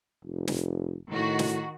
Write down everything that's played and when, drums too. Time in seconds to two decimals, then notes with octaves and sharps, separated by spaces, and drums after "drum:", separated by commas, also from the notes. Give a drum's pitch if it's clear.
0.25 F1
0.48 drum: snare
1.11 A2 D#3 F#4
1.39 drum: snare